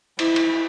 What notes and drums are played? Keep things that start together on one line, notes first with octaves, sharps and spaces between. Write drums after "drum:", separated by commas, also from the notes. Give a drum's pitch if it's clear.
E4, drum: cymbal
drum: cymbal